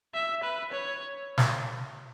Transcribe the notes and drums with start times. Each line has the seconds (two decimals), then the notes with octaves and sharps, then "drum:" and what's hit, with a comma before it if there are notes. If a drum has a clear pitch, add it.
0.14 E5
0.43 B4
0.72 C#5
1.38 drum: snare